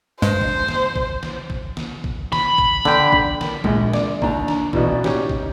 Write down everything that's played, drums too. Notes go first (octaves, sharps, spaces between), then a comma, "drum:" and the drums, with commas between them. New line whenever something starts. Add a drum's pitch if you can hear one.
G2 G#3 C5
drum: kick
drum: snare
drum: kick
drum: snare
drum: kick
drum: snare
drum: kick
B5, drum: snare
drum: kick
D3 G5, drum: snare
drum: kick
A#4, drum: snare
A#1 G#2 G#3, drum: kick
D5, drum: snare
D#2 D4 A#5, drum: kick
drum: snare
A1 B2 E3 D5, drum: kick
C#4 D#4 G4, drum: snare
drum: kick